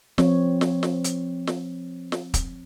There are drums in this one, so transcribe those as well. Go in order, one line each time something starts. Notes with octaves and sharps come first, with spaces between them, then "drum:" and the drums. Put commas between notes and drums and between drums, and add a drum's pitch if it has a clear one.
F3 C4 C#5, drum: snare
drum: snare
drum: snare
drum: hi-hat
drum: snare
drum: snare
drum: kick, hi-hat